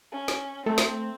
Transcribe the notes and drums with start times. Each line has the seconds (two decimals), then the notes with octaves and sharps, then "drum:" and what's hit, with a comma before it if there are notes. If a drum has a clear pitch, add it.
0.12 C#4
0.28 drum: snare
0.66 A3 C4
0.78 drum: snare